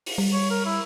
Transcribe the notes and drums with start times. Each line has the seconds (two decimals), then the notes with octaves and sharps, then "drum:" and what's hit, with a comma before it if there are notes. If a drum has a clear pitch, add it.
0.06 drum: open hi-hat
0.18 G3
0.33 C#5
0.51 A#4
0.66 E4